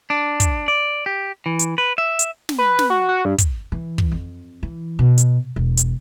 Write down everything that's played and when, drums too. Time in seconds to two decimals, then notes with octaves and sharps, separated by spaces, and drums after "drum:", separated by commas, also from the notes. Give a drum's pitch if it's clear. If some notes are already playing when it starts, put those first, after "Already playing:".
0.10 D4
0.40 drum: kick, hi-hat
0.68 D5
1.06 G4
1.46 E3
1.59 drum: hi-hat
1.78 B4
1.98 E5
2.19 drum: hi-hat
2.49 drum: snare
2.58 B4
2.79 drum: snare
2.90 F#4
3.09 F#4
3.25 G2
3.38 drum: kick, hi-hat
3.72 E3
3.98 drum: kick
4.12 F2
4.63 E3
4.99 B2
5.18 drum: hi-hat
5.56 E1
5.77 drum: hi-hat